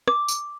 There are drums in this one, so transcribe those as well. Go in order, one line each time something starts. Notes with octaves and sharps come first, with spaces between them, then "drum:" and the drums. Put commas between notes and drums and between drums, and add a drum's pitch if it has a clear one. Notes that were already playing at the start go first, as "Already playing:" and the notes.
D6, drum: rim click
drum: tambourine